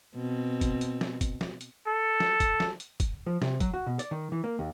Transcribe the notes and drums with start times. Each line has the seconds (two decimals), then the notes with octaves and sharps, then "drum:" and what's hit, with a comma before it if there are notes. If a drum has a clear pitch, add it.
0.16 B2 C4
0.61 drum: kick, hi-hat
0.81 drum: hi-hat
1.01 drum: snare
1.21 drum: kick, hi-hat
1.41 drum: snare
1.61 drum: hi-hat
1.87 A4
2.20 drum: snare
2.40 drum: kick, hi-hat
2.60 drum: snare
2.80 drum: hi-hat
3.00 drum: kick, hi-hat
3.26 F3
3.42 C3, drum: snare
3.60 F#3, drum: kick, hi-hat
3.74 F#4
3.87 B2
3.99 D5, drum: hi-hat
4.11 D#3
4.32 E3
4.44 A#3
4.59 D#2